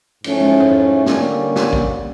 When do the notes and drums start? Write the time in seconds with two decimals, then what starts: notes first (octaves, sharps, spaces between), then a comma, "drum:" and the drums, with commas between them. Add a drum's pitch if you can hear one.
0.24 G#2 F3 A3 C#4 E4, drum: cymbal
0.41 drum: tom
0.60 drum: tom
1.06 D3 G3 A#3 C#4, drum: snare
1.56 drum: snare
1.73 drum: kick G#1